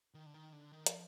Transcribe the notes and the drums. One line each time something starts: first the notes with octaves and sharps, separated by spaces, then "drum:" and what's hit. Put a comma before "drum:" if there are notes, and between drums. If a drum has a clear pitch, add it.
D#3
D3
D#3
D3
D#3
F3, drum: hi-hat